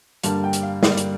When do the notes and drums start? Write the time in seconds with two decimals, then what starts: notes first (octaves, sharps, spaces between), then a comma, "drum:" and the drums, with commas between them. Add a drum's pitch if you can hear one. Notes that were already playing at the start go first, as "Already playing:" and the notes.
0.23 G2 D3 G3 A#3 A5, drum: hi-hat
0.44 G5
0.53 drum: hi-hat
0.63 F5
0.83 G2 D3 G3 A#3 D5, drum: snare
0.97 drum: hi-hat